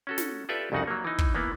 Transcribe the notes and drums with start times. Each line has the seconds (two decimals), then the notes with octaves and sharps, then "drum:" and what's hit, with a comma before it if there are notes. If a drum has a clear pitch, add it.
0.07 C#4 F#4 A4
0.18 drum: snare
0.49 F4 G4 A4 B4 D5 E5
0.72 C2 F2 C#3 D#4 F#4 F#5
0.87 F#3 A#3
1.04 E3 D#4
1.18 drum: kick
1.35 E3 A#3 B3